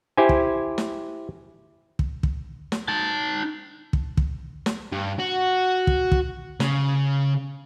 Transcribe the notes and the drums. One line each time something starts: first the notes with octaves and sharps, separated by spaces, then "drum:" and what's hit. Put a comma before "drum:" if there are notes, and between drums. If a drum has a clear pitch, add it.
E4 G4 C5 G#5
drum: kick
drum: snare
drum: kick
drum: kick
drum: snare
D#4 A5
drum: kick
drum: kick
drum: snare
G2
F#4
drum: kick
drum: kick
C#3, drum: snare